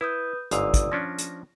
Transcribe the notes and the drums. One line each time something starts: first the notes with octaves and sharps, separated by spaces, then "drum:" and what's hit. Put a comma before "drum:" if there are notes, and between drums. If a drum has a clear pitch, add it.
E4 B4 D#6 G6
G1 G#2 D5 F5 D#6 E6, drum: hi-hat
drum: kick, hi-hat
F3 C#4 D4 A#6
drum: hi-hat